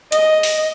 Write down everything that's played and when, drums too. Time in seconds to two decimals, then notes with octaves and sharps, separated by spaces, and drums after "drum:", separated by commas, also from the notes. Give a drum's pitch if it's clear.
0.12 D#5, drum: hi-hat
0.43 drum: open hi-hat